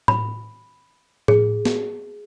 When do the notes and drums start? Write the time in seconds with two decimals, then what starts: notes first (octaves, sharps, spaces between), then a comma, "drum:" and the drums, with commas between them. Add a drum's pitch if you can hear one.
0.08 B5, drum: tom A2
1.28 G#4, drum: tom A2
1.65 drum: snare